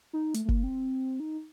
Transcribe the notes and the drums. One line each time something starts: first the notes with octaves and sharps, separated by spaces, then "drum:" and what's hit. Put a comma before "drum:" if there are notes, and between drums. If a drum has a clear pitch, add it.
D#4
A3, drum: hi-hat
A3
A#3, drum: kick
C4
D#4